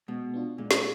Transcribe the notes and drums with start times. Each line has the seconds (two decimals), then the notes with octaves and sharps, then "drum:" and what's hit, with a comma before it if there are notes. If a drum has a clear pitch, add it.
0.08 B2 G#3
0.34 B3 D4 F4
0.58 A#2 G#3
0.71 drum: snare